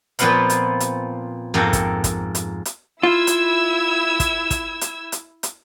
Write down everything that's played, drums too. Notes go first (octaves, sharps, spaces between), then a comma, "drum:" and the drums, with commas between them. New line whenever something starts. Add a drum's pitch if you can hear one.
A#2 F3 B3 C4 F5 F#5, drum: hi-hat
drum: hi-hat
drum: hi-hat
F2 G#2 A#3 A4 F#5 G5
drum: kick, hi-hat
drum: kick, hi-hat
drum: hi-hat
drum: hi-hat
E4 F4 E6 G#6
drum: hi-hat
drum: kick, hi-hat
drum: kick, hi-hat
drum: hi-hat
drum: hi-hat
drum: hi-hat